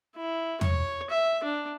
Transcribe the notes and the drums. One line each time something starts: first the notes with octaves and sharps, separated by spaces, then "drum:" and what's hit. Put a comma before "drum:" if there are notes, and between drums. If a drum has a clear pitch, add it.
E4
C#5, drum: tom
E5
D4